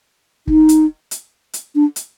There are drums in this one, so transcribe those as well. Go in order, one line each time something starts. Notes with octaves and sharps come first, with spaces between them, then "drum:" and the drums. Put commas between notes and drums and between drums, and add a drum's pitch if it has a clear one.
D#4, drum: kick
drum: hi-hat
drum: hi-hat
drum: hi-hat
D4
drum: hi-hat